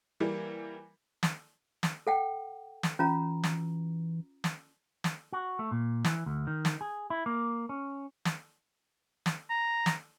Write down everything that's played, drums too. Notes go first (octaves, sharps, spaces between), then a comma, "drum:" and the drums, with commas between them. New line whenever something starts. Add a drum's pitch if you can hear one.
E3 G3 A#3
drum: snare
drum: snare
A4 F#5 G5
drum: snare
E3 C#4 F4 A#5
drum: snare
drum: snare
drum: snare
F#4
A3
A#2
E3, drum: snare
D2
D#3
drum: snare
G#4
E4
A#3
C#4
drum: snare
drum: snare
A#5
drum: snare